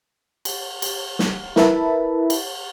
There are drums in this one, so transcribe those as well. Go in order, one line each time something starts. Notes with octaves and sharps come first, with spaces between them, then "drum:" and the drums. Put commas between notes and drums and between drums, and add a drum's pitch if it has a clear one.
drum: cymbal
drum: cymbal
drum: snare
E4 A#4 B4 E5 A5 B5, drum: snare
drum: cymbal